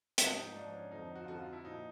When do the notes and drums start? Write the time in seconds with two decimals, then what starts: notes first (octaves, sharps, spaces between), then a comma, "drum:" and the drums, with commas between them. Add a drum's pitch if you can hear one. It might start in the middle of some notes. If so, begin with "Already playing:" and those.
0.18 G#2 F3 D#4, drum: hi-hat
0.37 D#4
0.54 G#2 F3 D4
0.73 C#4
0.91 F2 D3 F3 D#4
1.16 F#4
1.24 F4
1.28 F2 D3 F3 F#4
1.40 F4
1.53 E4
1.65 A#2 F3 D#4